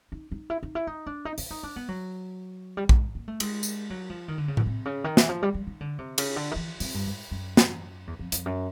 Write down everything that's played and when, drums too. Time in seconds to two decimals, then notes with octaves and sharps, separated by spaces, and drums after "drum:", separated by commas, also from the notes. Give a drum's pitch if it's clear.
0.12 D#4
0.32 D#4
0.50 E4
0.63 D#4
0.75 E4
0.87 D#4
1.06 D4
1.25 D#4
1.38 E4, drum: open hi-hat
1.51 D#4
1.63 D4
1.76 B3
1.89 F#3
2.77 G3
2.89 G#3, drum: kick A#1
3.15 A#3
3.28 A3
3.40 G#3, drum: cymbal
3.63 drum: tambourine
3.90 F#3
4.10 F3
4.28 D#3
4.38 D3
4.48 C#3
4.57 B2, drum: tom A2
4.66 C3
4.85 C#3
5.04 D#3
5.17 E3, drum: snare
5.29 F3
5.42 G3
5.54 G3
5.67 D#3
5.81 D3
5.99 C3
6.18 C#3, drum: cymbal
6.36 D3
6.51 D#3
6.56 E3
6.80 C3, drum: open hi-hat
6.94 G2
7.06 G#2
7.31 F#2
7.57 drum: snare
8.07 E2
8.19 F2
8.32 F2, drum: hi-hat
8.46 F#2